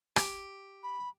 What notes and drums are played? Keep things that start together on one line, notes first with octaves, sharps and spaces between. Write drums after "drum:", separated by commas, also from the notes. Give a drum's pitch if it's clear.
G4, drum: rim click
B5